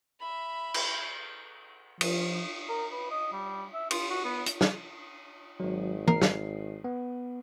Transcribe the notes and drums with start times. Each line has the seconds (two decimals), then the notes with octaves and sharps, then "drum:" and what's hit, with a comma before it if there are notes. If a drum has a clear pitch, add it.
0.20 E5 B5
0.74 drum: cymbal
2.01 F3, drum: cymbal
2.69 A#4
2.92 B4
3.11 D#5
3.33 G3
3.74 E5
3.91 F4, drum: cymbal
4.10 F#4
4.24 B3
4.46 drum: hi-hat
4.61 drum: snare
5.60 G#1 F#3
6.08 A#4 C7, drum: tom
6.22 drum: snare
6.84 B3